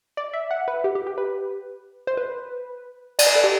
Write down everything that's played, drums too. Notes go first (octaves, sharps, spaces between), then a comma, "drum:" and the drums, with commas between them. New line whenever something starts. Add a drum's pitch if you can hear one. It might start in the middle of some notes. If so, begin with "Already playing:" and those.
D5
E5
F#5
B4
G4
G4
G4
B4
C5
B4
D5, drum: cymbal
B4
A4
G4